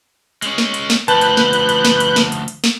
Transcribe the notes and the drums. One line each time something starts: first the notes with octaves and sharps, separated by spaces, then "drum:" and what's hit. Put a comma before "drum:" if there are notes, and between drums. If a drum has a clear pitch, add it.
G#3 C#4, drum: hi-hat
drum: snare
drum: hi-hat
drum: snare
D2 F3 B4 A5 F#6 G6, drum: hi-hat
drum: hi-hat
drum: snare
drum: hi-hat
drum: hi-hat
drum: snare
drum: hi-hat
drum: snare
drum: hi-hat
drum: hi-hat
drum: snare